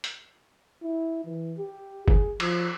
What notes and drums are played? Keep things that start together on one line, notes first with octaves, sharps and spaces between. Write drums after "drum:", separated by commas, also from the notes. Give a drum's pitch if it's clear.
drum: hi-hat
E4
E3
G4
G#4, drum: kick G1
F3, drum: cymbal